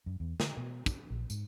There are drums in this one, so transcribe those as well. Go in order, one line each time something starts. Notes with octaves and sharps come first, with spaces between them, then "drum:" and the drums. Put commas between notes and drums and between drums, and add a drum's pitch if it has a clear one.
F#2
E2
D3, drum: snare
B2
D4, drum: kick, tambourine
A#1
G#2, drum: tambourine